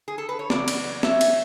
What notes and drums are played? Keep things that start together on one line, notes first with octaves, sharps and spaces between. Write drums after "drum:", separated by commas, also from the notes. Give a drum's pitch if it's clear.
G#4
A4
B4
C#5
E2 C#3 F#3 D5, drum: snare
drum: cymbal
C#5 E5, drum: snare
drum: cymbal